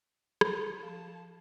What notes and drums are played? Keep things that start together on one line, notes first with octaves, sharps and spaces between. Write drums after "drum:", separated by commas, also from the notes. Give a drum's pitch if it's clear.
drum: rim click
F3 A4 F5 A5